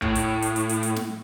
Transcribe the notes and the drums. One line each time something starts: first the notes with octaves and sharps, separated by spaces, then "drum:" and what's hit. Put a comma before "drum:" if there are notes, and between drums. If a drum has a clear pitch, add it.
A2, drum: kick
drum: hi-hat
drum: hi-hat
drum: hi-hat
drum: hi-hat
drum: hi-hat
drum: snare